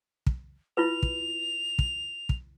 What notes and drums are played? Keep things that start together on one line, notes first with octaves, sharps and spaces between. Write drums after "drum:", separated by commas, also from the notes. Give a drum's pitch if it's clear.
drum: kick
E4 F4 B4 F7
drum: kick
drum: kick
drum: kick